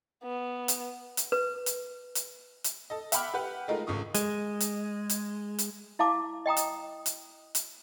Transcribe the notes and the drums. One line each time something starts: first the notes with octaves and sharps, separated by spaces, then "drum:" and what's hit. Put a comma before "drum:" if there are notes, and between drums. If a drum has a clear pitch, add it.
B3
drum: hi-hat
drum: hi-hat
B4
drum: hi-hat
drum: hi-hat
drum: hi-hat
A4 D#5
E5 F#5 G5 B5 D6 F6, drum: hi-hat
G4 B4 F#5
G#3 A3 D#4 F4 A#4
G#1 C#3 F4 C#6 D#6
G#3, drum: hi-hat
drum: hi-hat
drum: hi-hat
drum: hi-hat
E4 F5 A5 D6
D#5 G5 A#5 D#6
drum: hi-hat
drum: hi-hat
drum: hi-hat